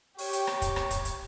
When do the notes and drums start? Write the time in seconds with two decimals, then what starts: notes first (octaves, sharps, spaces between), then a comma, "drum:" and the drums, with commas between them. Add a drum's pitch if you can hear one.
0.18 G4 C#5, drum: open hi-hat
0.33 drum: hi-hat
0.47 drum: rim click
0.62 drum: kick, hi-hat
0.76 drum: rim click
0.91 drum: kick, hi-hat
1.05 drum: hi-hat